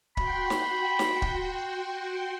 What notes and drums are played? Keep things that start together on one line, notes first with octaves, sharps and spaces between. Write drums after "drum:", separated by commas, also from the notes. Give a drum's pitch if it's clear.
F#4 G5 B5 C6, drum: kick
drum: snare
drum: snare
drum: kick